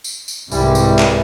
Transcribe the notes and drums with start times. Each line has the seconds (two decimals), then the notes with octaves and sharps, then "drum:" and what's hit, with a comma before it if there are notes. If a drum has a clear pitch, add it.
0.04 drum: tambourine
0.28 drum: tambourine
0.51 C2 G#2 E3 G3, drum: tambourine
0.75 drum: tambourine
0.99 drum: clap